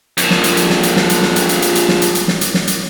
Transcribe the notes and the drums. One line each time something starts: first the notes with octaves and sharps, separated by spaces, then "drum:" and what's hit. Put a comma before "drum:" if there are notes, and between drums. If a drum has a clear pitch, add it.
F2 A#2, drum: hi-hat
drum: snare
drum: hi-hat
drum: hi-hat
drum: snare
drum: hi-hat
drum: snare
drum: hi-hat
drum: snare
drum: hi-hat
drum: hi-hat
drum: hi-hat
drum: hi-hat
drum: snare
drum: hi-hat
drum: hi-hat
drum: snare
drum: hi-hat
drum: snare
drum: hi-hat